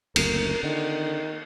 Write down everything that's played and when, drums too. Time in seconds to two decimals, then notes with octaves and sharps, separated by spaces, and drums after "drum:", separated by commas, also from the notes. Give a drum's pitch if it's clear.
0.16 F#1 D2 A#4, drum: cymbal
0.63 D3 D#3